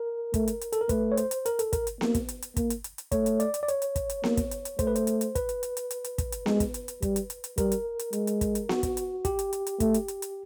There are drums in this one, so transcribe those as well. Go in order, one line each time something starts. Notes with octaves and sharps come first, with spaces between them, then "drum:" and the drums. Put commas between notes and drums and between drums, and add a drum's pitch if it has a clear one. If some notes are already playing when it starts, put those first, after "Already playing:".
Already playing: A#4
A3, drum: kick, hi-hat
drum: hi-hat
drum: hi-hat
A4, drum: hi-hat
A#4
A3 B4, drum: kick, hi-hat
C#5
C5, drum: hi-hat
drum: hi-hat
A#4, drum: hi-hat
A4, drum: hi-hat
A#4, drum: kick, hi-hat
drum: hi-hat
A#3, drum: snare B3
drum: kick, hi-hat
drum: hi-hat
drum: hi-hat
A#3, drum: kick, hi-hat
drum: hi-hat
drum: hi-hat
drum: hi-hat
A3 C#5, drum: kick, hi-hat
drum: hi-hat
D5, drum: hi-hat
drum: hi-hat
D5
C#5, drum: hi-hat
drum: hi-hat
drum: kick, hi-hat
drum: hi-hat
A#3, drum: snare B3
drum: kick, hi-hat
drum: hi-hat
drum: hi-hat
A3 C5, drum: kick, hi-hat
B4
C5, drum: hi-hat
drum: hi-hat
drum: hi-hat
B4, drum: kick, hi-hat
drum: hi-hat
drum: hi-hat
drum: hi-hat
drum: hi-hat
drum: hi-hat
drum: kick, hi-hat
drum: hi-hat
G#3, drum: snare B3
drum: kick, hi-hat
drum: hi-hat
drum: hi-hat
G3, drum: kick, hi-hat
drum: hi-hat
drum: hi-hat
drum: hi-hat
G3 A#4, drum: kick, hi-hat
drum: hi-hat
drum: hi-hat
G#3, drum: hi-hat
drum: hi-hat
drum: kick, hi-hat
drum: hi-hat
F#4, drum: snare B3
drum: kick, hi-hat
drum: hi-hat
G4, drum: kick, hi-hat
drum: hi-hat
drum: hi-hat
drum: hi-hat
A3, drum: kick, hi-hat
drum: hi-hat
drum: hi-hat
drum: hi-hat